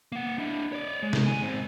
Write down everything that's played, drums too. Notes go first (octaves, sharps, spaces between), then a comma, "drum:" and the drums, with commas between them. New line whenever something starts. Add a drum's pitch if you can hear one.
A#3 F#5
D4 E4
C#5 D5
G#3
drum: snare
A2 G#5
G#2 C4